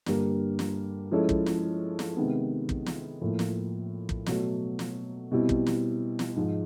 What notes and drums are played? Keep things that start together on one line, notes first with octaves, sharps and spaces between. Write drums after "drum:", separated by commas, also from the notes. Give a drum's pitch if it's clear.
G2 D3 G3 A#3, drum: snare
drum: snare
F3 G#3 C#4 E4 A4
drum: kick
drum: snare
drum: snare
C3 D#3 G#3 B3
drum: kick
drum: snare
A2 F3 A#3
drum: snare
drum: kick
B2 F#3 A3, drum: snare
drum: snare
B2 G3 C4 E4
drum: kick
drum: snare
drum: snare
G#2 F3 G#3